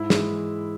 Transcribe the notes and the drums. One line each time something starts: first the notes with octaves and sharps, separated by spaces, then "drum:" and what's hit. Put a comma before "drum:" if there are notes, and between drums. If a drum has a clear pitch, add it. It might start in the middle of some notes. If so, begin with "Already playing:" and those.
Already playing: G#2 E4
E3 G#3, drum: snare